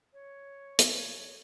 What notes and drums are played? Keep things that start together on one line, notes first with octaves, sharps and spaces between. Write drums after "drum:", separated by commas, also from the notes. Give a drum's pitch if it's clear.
C#5
drum: hi-hat